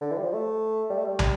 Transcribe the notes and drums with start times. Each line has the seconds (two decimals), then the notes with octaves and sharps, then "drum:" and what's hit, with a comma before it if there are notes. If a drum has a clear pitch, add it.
0.01 D3
0.12 E3
0.18 G3
0.23 F3
0.34 A3
0.90 G3
0.98 A3
1.05 G3
1.19 drum: tom